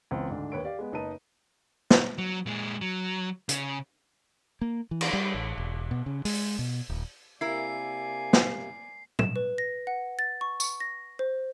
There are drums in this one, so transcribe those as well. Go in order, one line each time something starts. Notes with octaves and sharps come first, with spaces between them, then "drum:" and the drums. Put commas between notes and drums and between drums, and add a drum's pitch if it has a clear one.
C#2 E3 B3 C4
D2 G#2 D3 D4
D#2 B4 C#5 C#6 D7
G4 D5 F5
G#3 B3
F#1 D#4 B4 A5 D#7
drum: snare
F#3
A#2 G#3
F#3
C#3, drum: hi-hat
A#3
E3
drum: cymbal
G3
A1
E1
B2
C#3
G#3, drum: open hi-hat
B2
D#1
C3 A#3 E4 A#4 D5 G#5 C7
drum: snare
E7, drum: tom
B4
A#6
F#5
A6
C#6
C#6, drum: tambourine
A#6
C5